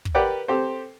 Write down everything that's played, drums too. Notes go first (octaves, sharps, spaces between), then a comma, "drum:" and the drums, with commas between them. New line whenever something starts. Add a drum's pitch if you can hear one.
drum: kick
G4 A#4 B4 D5 F#5 G5
C4 G4 A4 C5